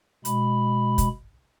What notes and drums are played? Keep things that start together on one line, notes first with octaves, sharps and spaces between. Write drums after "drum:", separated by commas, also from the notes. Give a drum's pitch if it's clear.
B2 G#3 B5, drum: hi-hat
drum: kick, hi-hat